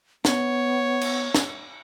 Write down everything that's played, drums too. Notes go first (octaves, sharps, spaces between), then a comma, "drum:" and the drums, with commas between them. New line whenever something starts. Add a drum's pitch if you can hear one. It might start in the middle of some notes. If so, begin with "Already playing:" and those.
B3 C#5, drum: snare
drum: cymbal
drum: snare